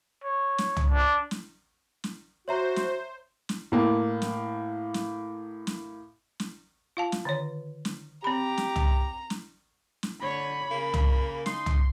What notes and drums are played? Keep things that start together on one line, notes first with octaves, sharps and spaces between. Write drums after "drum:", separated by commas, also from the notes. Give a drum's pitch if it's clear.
C#5
drum: snare
drum: tom
D4
drum: snare
drum: snare
F#4 C5 C#5 E5 A#5
drum: snare
drum: snare
A2 A#3
drum: snare
drum: snare
drum: snare
drum: snare
F4 F5 A5
drum: snare
D3 D#3 C#5
drum: snare
C4 G4 A#5 B5
drum: snare
drum: tom
drum: snare
drum: snare
D3 C#5 B5
C#3 A#3
drum: tom
D#4 C6, drum: snare
drum: tom